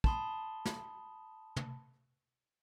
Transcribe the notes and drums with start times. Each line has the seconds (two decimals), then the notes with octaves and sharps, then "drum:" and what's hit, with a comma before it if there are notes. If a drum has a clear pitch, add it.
0.04 A5 B5 C6 D#6, drum: kick
0.65 drum: snare
1.56 drum: tom